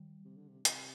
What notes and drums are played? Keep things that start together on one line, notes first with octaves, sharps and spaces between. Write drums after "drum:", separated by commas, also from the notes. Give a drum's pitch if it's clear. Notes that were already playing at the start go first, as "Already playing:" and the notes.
Already playing: D#3 G3
C3
D3
C3
C3, drum: hi-hat